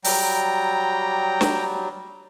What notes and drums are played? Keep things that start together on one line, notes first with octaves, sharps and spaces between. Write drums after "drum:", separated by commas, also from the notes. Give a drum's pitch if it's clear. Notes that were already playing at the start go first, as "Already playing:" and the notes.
F#3 G3 G5 A#5, drum: open hi-hat
drum: snare